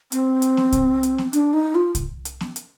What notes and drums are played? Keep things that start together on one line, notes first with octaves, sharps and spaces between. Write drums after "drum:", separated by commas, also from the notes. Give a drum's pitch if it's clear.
C4, drum: hi-hat
drum: hi-hat
drum: snare B3
drum: kick C2, hi-hat
drum: hi-hat
drum: snare B3
D4, drum: hi-hat
D#4
F4
drum: kick C2, hi-hat
drum: hi-hat
drum: snare B3
drum: hi-hat